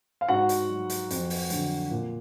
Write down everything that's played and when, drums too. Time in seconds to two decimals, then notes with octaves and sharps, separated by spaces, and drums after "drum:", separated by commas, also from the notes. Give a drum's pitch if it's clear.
0.21 F5
0.29 G#2 F#4 F#5
0.49 drum: hi-hat
0.69 F#3
0.90 drum: hi-hat
1.10 F2, drum: hi-hat
1.30 drum: open hi-hat
1.50 D3 F#3, drum: hi-hat
1.91 A#2